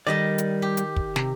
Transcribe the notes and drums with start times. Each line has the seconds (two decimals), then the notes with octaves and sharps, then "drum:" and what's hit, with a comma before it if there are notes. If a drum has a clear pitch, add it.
0.07 D#3 G3 D5 D#5 A5
0.38 drum: hi-hat
0.62 G4
0.77 drum: hi-hat
0.96 drum: kick
1.16 C3, drum: snare